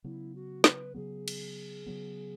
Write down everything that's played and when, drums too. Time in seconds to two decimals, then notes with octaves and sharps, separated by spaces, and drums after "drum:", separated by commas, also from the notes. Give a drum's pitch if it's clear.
0.04 C#3 F#3 B3 E4
0.35 F#4
0.64 B4, drum: snare
0.94 C#3 F#3 B3 G#4
1.28 drum: cymbal
1.86 C#3 F#3 B3